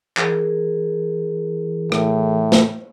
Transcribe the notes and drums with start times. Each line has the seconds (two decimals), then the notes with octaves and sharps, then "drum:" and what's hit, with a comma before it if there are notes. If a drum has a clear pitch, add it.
0.17 E3 G#4 A#4, drum: clap
1.92 A2, drum: rim click
2.52 drum: snare